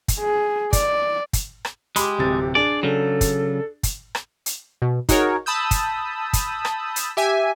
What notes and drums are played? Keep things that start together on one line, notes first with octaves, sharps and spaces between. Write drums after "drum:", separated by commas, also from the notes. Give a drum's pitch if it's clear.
drum: kick, hi-hat
G#4
D5, drum: kick, hi-hat
drum: kick, hi-hat
drum: rim click
G#3 G4 B5 D6, drum: hi-hat
D1 C3 A6
D4 G#4 D5
C#3 F#3 A4
drum: kick, hi-hat
drum: kick, hi-hat
drum: rim click
drum: hi-hat
B2
D#4 F#4 G#4 A#4 C#5, drum: kick, hi-hat
A5 B5 D#6 E6 G6
drum: kick, hi-hat
drum: kick, hi-hat
drum: rim click
drum: hi-hat
G4 E5 G#5